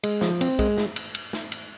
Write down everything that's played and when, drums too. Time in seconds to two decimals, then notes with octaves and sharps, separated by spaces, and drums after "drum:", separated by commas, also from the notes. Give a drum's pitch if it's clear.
0.04 G#3, drum: cymbal
0.21 F3, drum: snare
0.41 C4, drum: cymbal
0.59 G#3, drum: kick B1, cymbal
0.78 drum: snare
0.96 drum: cymbal
1.15 drum: cymbal
1.33 drum: snare
1.52 drum: cymbal